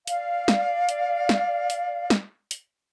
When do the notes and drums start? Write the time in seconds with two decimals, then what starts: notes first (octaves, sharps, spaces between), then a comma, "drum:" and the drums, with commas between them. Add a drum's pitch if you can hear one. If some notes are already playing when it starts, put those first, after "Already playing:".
0.07 D5 F5, drum: hi-hat
0.48 drum: snare
0.89 drum: hi-hat
1.29 drum: snare
1.70 drum: hi-hat
2.10 drum: snare
2.51 drum: hi-hat